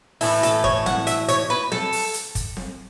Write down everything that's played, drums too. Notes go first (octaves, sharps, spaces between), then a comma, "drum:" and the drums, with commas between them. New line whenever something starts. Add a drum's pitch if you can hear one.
A2 E3 A3 E4, drum: open hi-hat
A4, drum: hi-hat
C#5, drum: kick
F#5, drum: snare C4
E5, drum: hi-hat
C#5, drum: hi-hat
B4
A4, drum: snare C4
drum: open hi-hat
drum: hi-hat
drum: kick, hi-hat
drum: snare C4